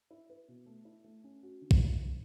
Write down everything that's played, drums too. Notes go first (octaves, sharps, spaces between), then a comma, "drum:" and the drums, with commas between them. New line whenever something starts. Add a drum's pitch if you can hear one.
E4
B4
B2
A3
E4
A3
C#4
F#4
D3
drum: kick